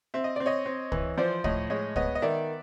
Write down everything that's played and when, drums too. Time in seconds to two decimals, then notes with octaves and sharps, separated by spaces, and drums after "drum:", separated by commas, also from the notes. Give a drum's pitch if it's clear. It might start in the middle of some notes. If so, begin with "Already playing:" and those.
0.14 C4 E5
0.24 D#5
0.36 C4 D5
0.46 C#5 D#5
0.66 C4
0.92 E3, drum: kick
1.18 F3 C5 D5
1.44 A2 C#5 D#5, drum: kick
1.70 G#3 C#5 D#5
1.96 B3 C#5 D#5, drum: kick
2.15 D#5
2.22 D#3 D5 E5